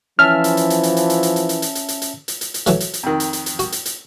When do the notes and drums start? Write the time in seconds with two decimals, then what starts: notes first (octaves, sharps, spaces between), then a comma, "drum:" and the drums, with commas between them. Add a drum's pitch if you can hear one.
0.19 E3 F3 C#4 E5 A5 F6
0.44 drum: hi-hat
0.57 drum: hi-hat
0.70 drum: hi-hat
0.83 drum: hi-hat
0.97 drum: hi-hat
1.10 drum: hi-hat
1.23 drum: hi-hat
1.36 drum: hi-hat
1.49 drum: hi-hat
1.62 drum: hi-hat
1.75 drum: hi-hat
1.88 drum: hi-hat
2.02 drum: hi-hat
2.28 drum: hi-hat
2.41 drum: hi-hat
2.54 drum: hi-hat
2.66 E3 F#3 A3, drum: hi-hat
2.80 drum: hi-hat
2.94 drum: hi-hat
3.03 F2 D#3
3.20 drum: hi-hat
3.33 drum: hi-hat
3.46 drum: hi-hat
3.59 F#4, drum: hi-hat
3.72 drum: hi-hat
3.86 drum: hi-hat